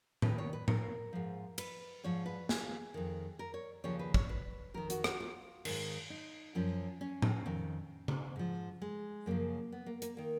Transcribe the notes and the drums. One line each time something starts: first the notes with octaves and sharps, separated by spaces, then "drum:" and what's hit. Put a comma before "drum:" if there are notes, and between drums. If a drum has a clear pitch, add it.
D#2 D#3 B4, drum: tom A2
C#5
B4
A#4, drum: tom A2
G#2 F3
B4, drum: cymbal
G#2 F3 C#5
B4
G#4, drum: snare
F2 D#3
A#4
C#5
D#2 C#3 F3 C#5
B4
C#5, drum: kick
B4
F2 D#3 A#4
F#4, drum: hi-hat
F#4, drum: rim click
F4
G#2 D#3, drum: cymbal
D#4
F#2 F3 C#4
C#4
drum: tom A2
F2 D#3
drum: tom C#3
G#2 F3
G#3
F#2 C#3 F3 A#3
B3
A#3
A#3, drum: hi-hat
D#3 A#3